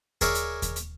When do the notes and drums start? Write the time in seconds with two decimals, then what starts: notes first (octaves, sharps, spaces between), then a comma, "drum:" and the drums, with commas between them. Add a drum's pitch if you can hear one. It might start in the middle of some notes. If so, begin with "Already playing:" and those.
0.21 G#4 A#4 C#5 D5 E5, drum: kick D#2, hi-hat
0.35 drum: hi-hat
0.62 drum: kick D#2, hi-hat
0.76 drum: hi-hat